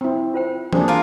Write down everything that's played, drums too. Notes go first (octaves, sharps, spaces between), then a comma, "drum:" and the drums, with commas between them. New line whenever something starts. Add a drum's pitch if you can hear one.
C4 E4
F4 C5 G5
A#3 D4 F#4 G#4 C5 G5, drum: tom E3
F4 A#4